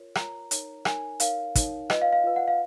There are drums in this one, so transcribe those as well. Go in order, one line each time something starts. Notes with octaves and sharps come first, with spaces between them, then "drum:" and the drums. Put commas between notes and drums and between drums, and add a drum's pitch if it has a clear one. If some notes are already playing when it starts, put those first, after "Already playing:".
Already playing: F4 A#4 C#5
F4 A#4 C#5 A#5, drum: rim click
D#4 A#4 C#5, drum: hi-hat
D#4 A#4 C#5 G#5, drum: rim click
D#4 A#4 C#5 F5, drum: hi-hat
D#4 A#4 C#5, drum: kick, hi-hat
F4 B4 D#5, drum: rim click
F5
F5
F4 B4
F#5
F5